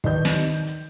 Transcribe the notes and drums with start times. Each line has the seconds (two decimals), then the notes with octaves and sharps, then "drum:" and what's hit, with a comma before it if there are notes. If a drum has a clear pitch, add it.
0.04 D#3 D#4 B4 D5 D#5 G6, drum: kick
0.25 drum: snare
0.67 drum: hi-hat